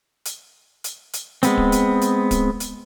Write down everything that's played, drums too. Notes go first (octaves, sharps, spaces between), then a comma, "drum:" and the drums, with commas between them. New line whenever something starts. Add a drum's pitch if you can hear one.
drum: hi-hat
drum: hi-hat
drum: hi-hat
G#3 B3 C4, drum: hi-hat
drum: kick D1
drum: hi-hat
drum: hi-hat
drum: kick D1, hi-hat
drum: hi-hat